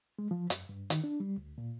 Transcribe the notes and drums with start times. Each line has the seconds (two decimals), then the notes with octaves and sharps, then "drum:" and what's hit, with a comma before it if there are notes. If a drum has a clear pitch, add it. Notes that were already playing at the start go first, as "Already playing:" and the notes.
0.19 G#3
0.31 F3
0.50 F#2, drum: hi-hat
0.69 G2
0.90 D#3, drum: hi-hat
1.04 D4
1.20 G3
1.37 D2
1.58 A#2